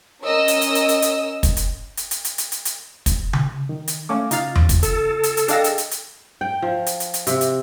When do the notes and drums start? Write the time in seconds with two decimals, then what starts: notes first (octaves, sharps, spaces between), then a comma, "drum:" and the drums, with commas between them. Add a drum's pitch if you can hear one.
0.22 C#4 A#4 D#5 E6
0.48 drum: hi-hat
0.61 drum: hi-hat
0.75 drum: hi-hat
0.89 drum: hi-hat
1.02 drum: hi-hat
1.43 drum: kick, hi-hat
1.57 drum: hi-hat
1.97 drum: hi-hat
2.11 drum: hi-hat
2.25 drum: hi-hat
2.38 drum: hi-hat
2.52 drum: hi-hat
2.65 drum: hi-hat
3.06 drum: kick, hi-hat
3.33 drum: tom C#3
3.69 D#3
3.88 drum: hi-hat
4.09 A3 C#4 F5 D6
4.31 C#3 D#4 F4 F5 F6 A6, drum: hi-hat
4.56 drum: tom E2
4.69 drum: kick, hi-hat
4.83 A4, drum: hi-hat
5.23 drum: hi-hat
5.37 drum: hi-hat
5.48 D4 G#4 D#5 F5 G5 A#6, drum: hi-hat
5.64 drum: hi-hat
5.78 drum: hi-hat
5.91 drum: hi-hat
6.41 G5
6.62 F3
6.86 drum: hi-hat
7.00 drum: hi-hat
7.14 drum: hi-hat
7.27 C3, drum: hi-hat
7.41 drum: hi-hat